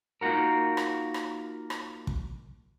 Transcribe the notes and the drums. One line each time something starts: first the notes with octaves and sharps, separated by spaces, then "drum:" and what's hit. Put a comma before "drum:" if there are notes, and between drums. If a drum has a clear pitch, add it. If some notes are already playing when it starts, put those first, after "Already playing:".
A#3 D#4 F4 F#4 A#4
drum: rim click
drum: rim click
drum: rim click
drum: kick